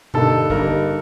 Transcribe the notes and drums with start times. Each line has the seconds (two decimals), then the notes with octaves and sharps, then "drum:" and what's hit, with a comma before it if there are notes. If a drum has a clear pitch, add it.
0.14 G2 D3 G3 A#3 D#4 A4, drum: tom B2
0.50 G2 D3 G3 A#3 D#4 A#4, drum: kick